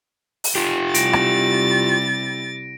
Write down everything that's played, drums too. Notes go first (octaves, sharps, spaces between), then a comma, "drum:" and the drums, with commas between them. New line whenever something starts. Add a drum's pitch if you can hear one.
drum: open hi-hat
F4 G4
C3 G3 E4 A6 A#6 D7, drum: hi-hat
drum: rim click